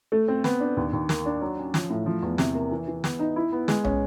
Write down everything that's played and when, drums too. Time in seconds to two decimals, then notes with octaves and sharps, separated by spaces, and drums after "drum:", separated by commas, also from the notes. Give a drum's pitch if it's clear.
0.12 A3
0.28 C4
0.44 B3, drum: snare
0.60 D4
0.77 D#2
0.93 D#2
1.09 A#3, drum: snare
1.25 D4
1.41 F#3
1.58 C#4
1.74 F3, drum: snare
1.90 A2
2.06 F3
2.22 E2
2.38 C3, drum: snare
2.55 A#3
2.71 E3
2.87 E3
3.04 B3, drum: snare
3.19 D#4
3.36 E4
3.52 B3
3.68 G#3, drum: snare
3.84 C#4, drum: tom